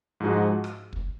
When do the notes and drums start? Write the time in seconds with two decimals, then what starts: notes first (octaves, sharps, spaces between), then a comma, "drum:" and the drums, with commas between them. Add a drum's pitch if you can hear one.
0.20 G#2 F3 G#3 D#4 F#4
0.64 drum: rim click
0.93 drum: kick